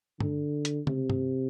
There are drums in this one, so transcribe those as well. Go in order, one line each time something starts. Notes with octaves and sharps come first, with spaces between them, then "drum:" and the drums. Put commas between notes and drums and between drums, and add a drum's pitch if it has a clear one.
D3, drum: tom G2
drum: hi-hat
C3, drum: tom
drum: tom G2